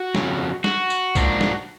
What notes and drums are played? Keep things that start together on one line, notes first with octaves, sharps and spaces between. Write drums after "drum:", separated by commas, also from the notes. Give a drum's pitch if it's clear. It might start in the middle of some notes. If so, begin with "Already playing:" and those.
Already playing: F#4
F2 C#3 F#3, drum: snare
F#4, drum: snare
drum: tambourine
G#2 F3 A#3 D4, drum: kick C2, tambourine
drum: snare